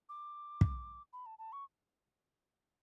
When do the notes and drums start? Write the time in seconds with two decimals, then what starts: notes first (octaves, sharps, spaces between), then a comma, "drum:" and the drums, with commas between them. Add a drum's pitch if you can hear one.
0.09 D6
0.61 drum: kick
1.13 B5
1.26 A5
1.39 A5
1.52 C#6